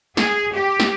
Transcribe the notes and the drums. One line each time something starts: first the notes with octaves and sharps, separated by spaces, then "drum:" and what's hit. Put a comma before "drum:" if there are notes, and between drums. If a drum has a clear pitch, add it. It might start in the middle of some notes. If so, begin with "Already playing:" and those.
G#4, drum: snare
G4
drum: snare